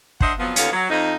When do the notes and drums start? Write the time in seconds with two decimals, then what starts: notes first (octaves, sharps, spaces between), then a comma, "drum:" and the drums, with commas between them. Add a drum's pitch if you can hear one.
0.21 D4 C5 D#5 E5 F#5, drum: kick
0.39 F2 F3 F#3 B3
0.56 D#2 D3 B3 C#4 F4 F5, drum: hi-hat
0.71 F#3
0.90 F2 F3 D#4